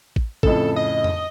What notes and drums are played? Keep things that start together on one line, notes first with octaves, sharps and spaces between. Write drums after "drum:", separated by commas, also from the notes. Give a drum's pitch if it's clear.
drum: kick
F2 A2 C#3 A4, drum: kick
D#5
drum: tom F2